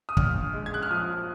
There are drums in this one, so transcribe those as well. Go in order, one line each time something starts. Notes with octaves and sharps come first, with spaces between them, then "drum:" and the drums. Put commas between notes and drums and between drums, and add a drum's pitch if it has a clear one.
D#6
A#1 F6, drum: kick
G#3
G#6
F#6
F6
F3 D#6